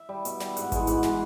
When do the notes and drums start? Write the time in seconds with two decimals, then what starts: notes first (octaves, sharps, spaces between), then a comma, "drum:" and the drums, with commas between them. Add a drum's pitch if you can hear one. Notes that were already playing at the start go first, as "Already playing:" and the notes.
Already playing: E5
0.09 G3
0.25 B2, drum: hi-hat
0.40 G3, drum: snare
0.57 G#2 F#5, drum: hi-hat
0.72 E3 G#3, drum: kick G#1, hi-hat
0.87 G#2 F#5, drum: hi-hat
1.03 E3 G#3, drum: snare